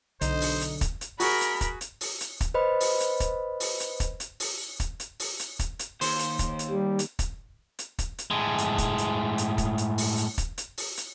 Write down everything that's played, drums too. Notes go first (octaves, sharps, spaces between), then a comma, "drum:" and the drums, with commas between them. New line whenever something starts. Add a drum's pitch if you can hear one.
B1 D3 D#4 C5, drum: hi-hat
drum: open hi-hat
drum: hi-hat
drum: kick, hi-hat
drum: hi-hat
F#4 G#4 A#4 B5, drum: open hi-hat
drum: hi-hat
drum: kick, hi-hat
drum: hi-hat
drum: open hi-hat
drum: hi-hat
drum: kick, hi-hat
B4 C5 D#5 B5
drum: open hi-hat
drum: hi-hat
drum: kick, hi-hat
drum: open hi-hat
drum: hi-hat
drum: kick, hi-hat
drum: hi-hat
drum: open hi-hat
drum: kick, hi-hat
drum: hi-hat
drum: open hi-hat
drum: hi-hat
drum: kick, hi-hat
drum: hi-hat
D#2 C5, drum: open hi-hat
drum: hi-hat
drum: kick, hi-hat
drum: hi-hat
G3
drum: hi-hat
drum: kick, hi-hat
drum: hi-hat
drum: kick, hi-hat
drum: hi-hat
A2 G#3
drum: hi-hat
drum: kick, hi-hat
drum: hi-hat
drum: hi-hat
drum: kick, hi-hat
drum: hi-hat
drum: open hi-hat
drum: hi-hat
drum: kick, hi-hat
drum: hi-hat
drum: open hi-hat
drum: hi-hat